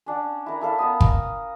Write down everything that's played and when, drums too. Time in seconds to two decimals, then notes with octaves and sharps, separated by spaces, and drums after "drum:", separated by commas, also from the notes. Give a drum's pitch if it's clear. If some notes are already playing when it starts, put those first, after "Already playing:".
0.06 C#4 D4 F#5
0.46 E4 A#4
0.61 E4 A4 F5
0.79 B3 A#4 D#6
1.01 A#5, drum: kick